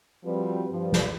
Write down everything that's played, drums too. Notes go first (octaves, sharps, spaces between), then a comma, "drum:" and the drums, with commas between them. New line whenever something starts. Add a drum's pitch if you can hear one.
F3 G3 C4 F#4 B4
G2 F3
drum: snare